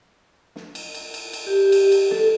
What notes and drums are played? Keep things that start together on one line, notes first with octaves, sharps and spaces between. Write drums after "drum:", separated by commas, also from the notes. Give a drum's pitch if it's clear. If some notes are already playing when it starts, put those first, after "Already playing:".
drum: snare
drum: cymbal
drum: cymbal
drum: cymbal
drum: cymbal
G4
drum: cymbal
drum: cymbal
A4, drum: snare